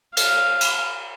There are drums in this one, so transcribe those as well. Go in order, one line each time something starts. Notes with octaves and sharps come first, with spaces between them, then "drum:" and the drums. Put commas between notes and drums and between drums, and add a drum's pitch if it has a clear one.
F5, drum: cymbal
drum: cymbal